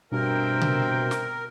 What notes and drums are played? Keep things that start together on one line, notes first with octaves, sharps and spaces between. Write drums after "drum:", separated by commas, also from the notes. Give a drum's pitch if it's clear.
G2 B2 C4 A#4 E5 G5
drum: tom C3
drum: snare